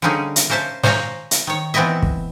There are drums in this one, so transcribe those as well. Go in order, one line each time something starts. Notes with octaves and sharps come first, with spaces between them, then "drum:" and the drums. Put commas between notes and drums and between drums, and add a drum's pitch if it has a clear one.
D3 G3 A#3 C#4 D#4 G#4
drum: hi-hat
A#3 C#4 C5 E5 A5
C5 C#5 F5 G#5 A#5, drum: snare
drum: hi-hat
D#3 C#5
E3 B3 C4 E4 D#5 E5
drum: kick